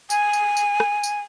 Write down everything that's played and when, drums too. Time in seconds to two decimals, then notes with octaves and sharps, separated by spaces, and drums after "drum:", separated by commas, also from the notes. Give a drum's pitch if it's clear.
0.10 G#5, drum: tambourine
0.33 drum: tambourine
0.57 drum: tambourine
0.80 drum: rim click
1.03 drum: tambourine